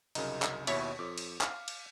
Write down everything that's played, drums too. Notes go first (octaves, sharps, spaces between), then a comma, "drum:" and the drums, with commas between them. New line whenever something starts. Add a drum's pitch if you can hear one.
C2 F#2 C#3 D#4, drum: cymbal
drum: clap
D#2 B2 E4 C#5 B6, drum: cymbal
F2 D6
drum: cymbal
F5, drum: clap
drum: cymbal